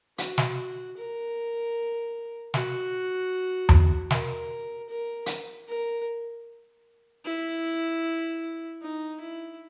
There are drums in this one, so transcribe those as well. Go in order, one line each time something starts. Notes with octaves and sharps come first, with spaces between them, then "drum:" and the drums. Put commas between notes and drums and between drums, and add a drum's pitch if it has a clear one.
F#4, drum: hi-hat
drum: snare
A#4
F#4, drum: snare
drum: tom E2
A#4, drum: snare
A#4
drum: hi-hat
A#4
E4
D#4
E4